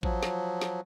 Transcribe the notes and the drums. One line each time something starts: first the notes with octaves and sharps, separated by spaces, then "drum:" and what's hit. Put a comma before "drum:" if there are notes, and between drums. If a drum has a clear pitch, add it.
F3 F#3, drum: kick A1
drum: snare
drum: snare